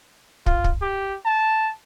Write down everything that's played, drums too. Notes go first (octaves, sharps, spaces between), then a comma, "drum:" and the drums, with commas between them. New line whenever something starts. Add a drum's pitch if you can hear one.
F4, drum: kick
drum: kick
G4
A5